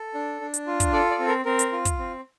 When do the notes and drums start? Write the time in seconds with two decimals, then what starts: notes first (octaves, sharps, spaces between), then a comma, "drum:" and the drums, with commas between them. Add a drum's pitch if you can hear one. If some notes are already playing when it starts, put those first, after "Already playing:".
Already playing: A4
0.14 D4
0.41 D4
0.54 drum: hi-hat
0.67 F4
0.80 drum: kick, hi-hat
0.93 A4 D5
1.11 D5
1.19 C4
1.28 A#4
1.45 C4 A#4
1.59 drum: hi-hat
1.72 F4
1.85 drum: kick, hi-hat
1.99 C4